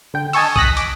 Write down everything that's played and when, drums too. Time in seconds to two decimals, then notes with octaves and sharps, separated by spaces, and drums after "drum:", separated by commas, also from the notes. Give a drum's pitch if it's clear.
0.14 D3 G5
0.33 D#5 G#5 A5 C#6 E6, drum: open hi-hat
0.56 D#6 F#6 A#6 B6, drum: kick
0.77 D6, drum: hi-hat